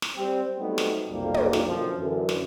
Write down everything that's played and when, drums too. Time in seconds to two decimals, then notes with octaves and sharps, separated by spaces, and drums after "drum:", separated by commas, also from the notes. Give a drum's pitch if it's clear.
0.02 drum: snare
0.16 G3 C4
0.59 F#3 G3 A3 B3 C4 D#4
0.78 drum: snare
1.10 B1 F2 C3 F3 G3 A#3
1.34 drum: tom
1.53 drum: snare
1.67 F#2 B2 D3 F3
1.99 F#2 D3 E3
2.29 drum: snare